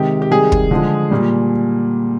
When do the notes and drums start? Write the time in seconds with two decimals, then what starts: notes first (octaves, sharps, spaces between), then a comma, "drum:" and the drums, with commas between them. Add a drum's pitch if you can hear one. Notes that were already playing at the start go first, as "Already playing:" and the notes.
Already playing: C3 D#3 G#3 G4
0.22 G4
0.31 C3 D#3 G3 G#4
0.52 drum: kick
0.71 D3 F3 G#3
1.11 A#2 G3